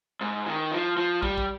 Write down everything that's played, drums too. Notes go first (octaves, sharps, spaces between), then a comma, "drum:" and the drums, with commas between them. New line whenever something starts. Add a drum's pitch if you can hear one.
G#2
D#3
F3
F3
G3, drum: kick
drum: kick